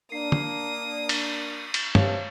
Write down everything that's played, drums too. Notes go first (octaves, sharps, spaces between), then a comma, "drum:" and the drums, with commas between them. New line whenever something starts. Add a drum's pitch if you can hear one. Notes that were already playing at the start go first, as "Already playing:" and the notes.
A#3 D4 D#6 C7
drum: tom
drum: cymbal
drum: cymbal
G2 C3 C#5 F5 A5, drum: tom